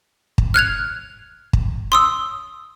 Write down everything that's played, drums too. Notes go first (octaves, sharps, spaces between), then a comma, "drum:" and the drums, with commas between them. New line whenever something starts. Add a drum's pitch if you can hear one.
drum: kick
F6 F#6 G#6 F7
drum: kick
C6 D#6 E6